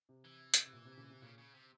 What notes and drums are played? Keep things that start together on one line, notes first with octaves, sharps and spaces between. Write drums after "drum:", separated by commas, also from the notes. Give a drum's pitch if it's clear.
C3
E3
drum: hi-hat
C3
A#2
C3
A#2 C#3
C3
A#2 C#3
C#3
C3